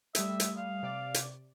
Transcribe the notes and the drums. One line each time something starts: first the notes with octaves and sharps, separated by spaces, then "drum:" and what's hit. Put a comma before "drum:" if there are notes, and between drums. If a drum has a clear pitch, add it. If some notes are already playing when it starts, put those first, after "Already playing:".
G3 A3 E5 D#6, drum: hi-hat
drum: hi-hat
F5
C3 D5 D6
drum: hi-hat